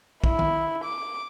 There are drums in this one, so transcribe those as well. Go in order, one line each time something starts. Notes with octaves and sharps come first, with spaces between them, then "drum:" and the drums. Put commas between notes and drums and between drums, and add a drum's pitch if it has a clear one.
E4, drum: kick
drum: tom D#3
D6